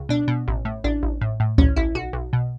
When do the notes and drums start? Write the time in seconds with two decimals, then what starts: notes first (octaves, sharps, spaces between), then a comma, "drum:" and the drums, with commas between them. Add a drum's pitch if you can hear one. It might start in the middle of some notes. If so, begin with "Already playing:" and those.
Already playing: C#2
0.09 B2 D4
0.28 B2
0.47 A1
0.65 A2
0.84 A1 D4
1.03 A1
1.21 A2
1.40 A2
1.58 A1 C#4, drum: kick C#2
1.76 A1 E4
1.95 B1 F#4
2.13 B1
2.33 B2